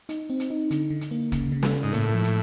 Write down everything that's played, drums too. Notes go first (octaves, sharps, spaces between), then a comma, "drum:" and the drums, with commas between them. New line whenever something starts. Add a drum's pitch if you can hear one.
D#4, drum: hi-hat
C4
drum: hi-hat
D#4
D3, drum: hi-hat
D3
drum: hi-hat
A#3
C#3, drum: kick, hi-hat
C#3
drum: snare
C#3
G#2
A2 A#3, drum: hi-hat
F3
drum: hi-hat